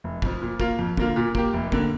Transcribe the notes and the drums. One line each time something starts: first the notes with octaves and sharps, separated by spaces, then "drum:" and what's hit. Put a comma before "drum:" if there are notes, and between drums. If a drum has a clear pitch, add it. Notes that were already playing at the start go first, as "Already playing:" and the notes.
F1
F2 F3, drum: kick
A#2
A#3 F4, drum: kick
F2
D3 A#3 F4, drum: kick
A#2
A#3 G4, drum: kick
F1
D3 A#3, drum: kick